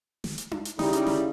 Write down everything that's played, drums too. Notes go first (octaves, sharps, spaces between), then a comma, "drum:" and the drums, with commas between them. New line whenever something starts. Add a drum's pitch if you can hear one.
drum: snare
drum: hi-hat
drum: tom D4
drum: hi-hat
C#3 G3 D#4 E4, drum: snare
drum: hi-hat
drum: snare